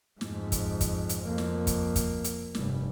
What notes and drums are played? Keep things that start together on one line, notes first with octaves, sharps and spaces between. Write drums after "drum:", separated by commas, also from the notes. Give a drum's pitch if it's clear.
F2 G#2, drum: snare
drum: kick, hi-hat
drum: kick, hi-hat
drum: hi-hat
F2 A#3
drum: snare
drum: kick, hi-hat
drum: kick, hi-hat
drum: hi-hat
F1 G2, drum: snare